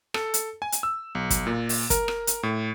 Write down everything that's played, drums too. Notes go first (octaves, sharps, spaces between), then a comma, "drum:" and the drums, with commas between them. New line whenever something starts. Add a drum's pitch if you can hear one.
A4, drum: rim click
drum: hi-hat
G#5
drum: hi-hat
E6
B1
drum: kick, hi-hat
A#2
drum: open hi-hat
A#4, drum: kick, hi-hat
drum: rim click
drum: hi-hat
A2